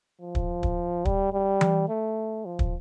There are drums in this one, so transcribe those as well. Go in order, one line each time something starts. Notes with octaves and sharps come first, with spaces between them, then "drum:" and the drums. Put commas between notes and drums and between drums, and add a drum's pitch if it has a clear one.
F3
drum: kick
drum: kick
G3, drum: kick
G3
drum: tom E3
A3
F3
drum: kick